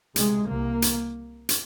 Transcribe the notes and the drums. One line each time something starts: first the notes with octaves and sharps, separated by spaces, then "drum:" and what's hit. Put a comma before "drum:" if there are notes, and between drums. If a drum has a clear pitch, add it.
C#2 C3 G#3, drum: hi-hat
C2 C3 A#3
drum: hi-hat
drum: hi-hat